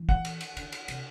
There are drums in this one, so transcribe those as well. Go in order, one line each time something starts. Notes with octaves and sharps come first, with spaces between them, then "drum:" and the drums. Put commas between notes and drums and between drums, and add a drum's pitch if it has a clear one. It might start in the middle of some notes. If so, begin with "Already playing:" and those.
Already playing: E3
F#5, drum: kick
drum: cymbal
drum: cymbal
D3, drum: cymbal
drum: cymbal
C3, drum: cymbal